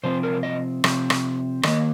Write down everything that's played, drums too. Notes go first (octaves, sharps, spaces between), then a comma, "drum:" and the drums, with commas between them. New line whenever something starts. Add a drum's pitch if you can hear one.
C3 F3 C4 C5
A#4
D#5
C3 F3 C4, drum: rim click
drum: rim click
D#3 A#3 D#5, drum: rim click